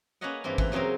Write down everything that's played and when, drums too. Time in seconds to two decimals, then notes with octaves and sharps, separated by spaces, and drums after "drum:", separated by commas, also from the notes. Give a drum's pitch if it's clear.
0.21 A#3 C#4 B4 C#5 D#5 F#5
0.44 G2 E3 A#3 C4
0.58 E3, drum: kick G#1
0.72 C#3 F#3 C4 G#4 A#4